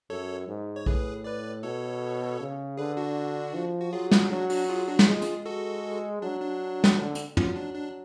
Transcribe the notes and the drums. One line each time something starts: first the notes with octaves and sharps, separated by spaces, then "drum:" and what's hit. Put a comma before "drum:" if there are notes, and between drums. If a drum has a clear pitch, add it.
F#2 A4 C#5
G#2
C#5
A2 G#4 B4, drum: kick A#1
B4 D5
B2 A4 C#5
C#3
D3 G#4 B4
D4 F#4
F3
F#4
F#3 F4 G#4
C#4 F4, drum: snare
G#4
F#3 D4 F#4
D4 F#4, drum: open hi-hat
F4 G#4
D4 F#4
F#4, drum: snare
G#3 F4 G#4
drum: hi-hat
F#4 A4
F#3 D4
D4
drum: snare
D3
drum: hi-hat
F#3 C#4 F4, drum: tom
D4
D4